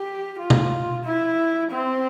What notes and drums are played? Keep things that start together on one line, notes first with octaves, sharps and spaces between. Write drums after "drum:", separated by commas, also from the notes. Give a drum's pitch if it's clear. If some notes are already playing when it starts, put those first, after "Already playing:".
Already playing: G4
F4
drum: tom
E4
C4